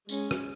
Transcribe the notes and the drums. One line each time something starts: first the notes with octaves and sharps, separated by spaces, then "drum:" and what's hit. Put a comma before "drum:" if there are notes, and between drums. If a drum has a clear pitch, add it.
G#3 C#4, drum: tambourine
drum: rim click